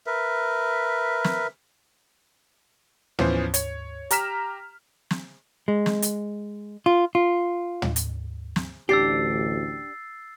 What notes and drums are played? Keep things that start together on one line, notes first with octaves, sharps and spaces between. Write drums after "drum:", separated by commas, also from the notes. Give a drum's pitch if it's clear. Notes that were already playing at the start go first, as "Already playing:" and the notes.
A#4 B4 E5
drum: snare
E3 F3 B3 C#4 C5, drum: tom
C#5, drum: hi-hat
G4 A#5 F6 B6 E7, drum: hi-hat
drum: snare
G#3
drum: snare
drum: hi-hat
F4
F4
drum: tom
drum: hi-hat
drum: snare
A1 D2 D4 G4 E6 A6 C7